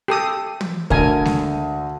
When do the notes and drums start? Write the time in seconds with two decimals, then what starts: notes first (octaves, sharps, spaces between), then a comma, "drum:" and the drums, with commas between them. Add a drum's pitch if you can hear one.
0.08 G4 A4 D#6
0.61 drum: tom
0.90 D2 D3 A#4 G#5, drum: kick
1.25 drum: snare G#3